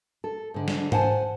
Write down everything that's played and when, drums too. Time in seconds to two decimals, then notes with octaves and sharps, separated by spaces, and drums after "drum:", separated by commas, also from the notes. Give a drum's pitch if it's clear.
0.24 A4
0.54 G#2 D3
0.68 drum: snare
0.92 C5 F#5 G#5 A5, drum: tom G#2